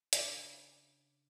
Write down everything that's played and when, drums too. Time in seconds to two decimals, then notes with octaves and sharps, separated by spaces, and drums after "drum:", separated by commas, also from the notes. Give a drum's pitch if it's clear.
0.13 C#3 D4, drum: hi-hat